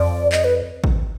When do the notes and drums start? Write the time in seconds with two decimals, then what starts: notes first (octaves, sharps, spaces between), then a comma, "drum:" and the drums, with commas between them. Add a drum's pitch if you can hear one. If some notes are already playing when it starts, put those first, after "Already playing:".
Already playing: F2 D5
0.32 D#5, drum: clap
0.44 B4
0.84 drum: kick